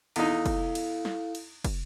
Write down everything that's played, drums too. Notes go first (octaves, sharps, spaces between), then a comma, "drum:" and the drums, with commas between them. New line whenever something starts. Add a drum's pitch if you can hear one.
E2 D#4 E4 A4 F5, drum: cymbal
drum: kick, cymbal
drum: cymbal
drum: snare
drum: cymbal
drum: kick, cymbal